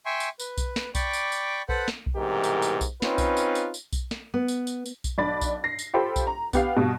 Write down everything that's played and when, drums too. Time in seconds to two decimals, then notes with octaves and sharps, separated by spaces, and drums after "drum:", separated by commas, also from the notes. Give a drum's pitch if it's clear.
0.06 E5 G5 G#5 C6 C#6
0.20 drum: tambourine
0.40 B4, drum: tambourine
0.58 drum: kick B1, tambourine
0.76 drum: snare
0.95 D5 G5 B5 C#6 D6, drum: kick B1, tambourine
1.13 drum: tambourine
1.32 drum: tambourine
1.69 A4 B4 C5 F#5 B5, drum: kick B1
1.88 drum: snare
2.06 drum: kick B1
2.16 C2 G#2 B2 E3 G4 A#4
2.44 drum: tambourine
2.62 drum: tambourine
2.81 drum: kick B1, tambourine
3.02 C4 C#4 D#4 F4 B4, drum: snare
3.18 drum: kick B1, tambourine
3.37 drum: tambourine
3.55 drum: tambourine
3.74 drum: tambourine
3.93 drum: kick B1, tambourine
4.11 drum: snare
4.34 B3
4.48 drum: tambourine
4.67 drum: tambourine
4.86 drum: tambourine
5.04 drum: kick B1, tambourine
5.18 B1 D4 D5 B5 A6
5.41 drum: kick B1, tambourine
5.64 A#6 C7
5.79 drum: tambourine
5.93 F4 G4 A4 C5 G5 B5
6.16 drum: kick B1, tambourine
6.27 A#5
6.53 B3 G4 F5, drum: kick B1, tambourine
6.76 G2 B2